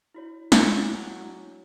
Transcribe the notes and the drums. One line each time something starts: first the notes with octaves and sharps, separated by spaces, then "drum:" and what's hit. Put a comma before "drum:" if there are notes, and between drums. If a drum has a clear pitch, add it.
E4 F#4 C#5
F#3, drum: snare
E4
D4